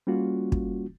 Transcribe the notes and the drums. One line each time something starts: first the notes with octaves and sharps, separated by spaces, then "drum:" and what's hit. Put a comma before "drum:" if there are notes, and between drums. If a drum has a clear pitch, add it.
G3 A#3 C#4 F4 F#4
drum: kick